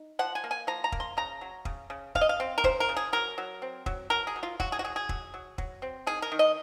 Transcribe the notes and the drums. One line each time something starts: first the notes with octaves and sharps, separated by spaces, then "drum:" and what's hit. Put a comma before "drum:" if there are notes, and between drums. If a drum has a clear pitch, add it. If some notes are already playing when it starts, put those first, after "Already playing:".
Already playing: D#4
F3 F#5
G#5
A#3
G#5
F3 A#5
A#5
A#3, drum: kick
C6
C#3 A#5
F#3
C#3, drum: kick
C#3
C#3 F5, drum: kick
D#5
F5
C4
A#4
C#3 C5, drum: kick
A#4
C#3
G#4
F#3 A#4
F#3
C4
F#3, drum: kick
F#3 A#4
G#4
F#3
F4
F#3 F#4, drum: kick
G#4
F#4
F#3 G#4
G#4
F#3, drum: kick
F#3
F#3, drum: kick
C4
D#3 G#4
A#4
D#3
D#5